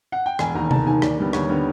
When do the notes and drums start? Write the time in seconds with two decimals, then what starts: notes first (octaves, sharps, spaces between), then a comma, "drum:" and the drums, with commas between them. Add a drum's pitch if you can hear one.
0.12 F#5
0.26 G5
0.39 E1 G#5, drum: rim click
0.55 D#2 D#3 A#5
0.71 E1 A5, drum: tom C3
0.86 D#2 D#3 G#5
1.02 D#2 D5, drum: rim click
1.18 D3 G3 B3
1.33 D#2 C#5, drum: rim click
1.49 D3 G3 B3